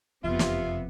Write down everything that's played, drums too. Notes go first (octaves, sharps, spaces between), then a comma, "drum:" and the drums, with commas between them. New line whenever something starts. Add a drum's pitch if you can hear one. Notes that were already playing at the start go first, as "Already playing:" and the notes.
F#1 F2 C3 B3 F4 E5
drum: snare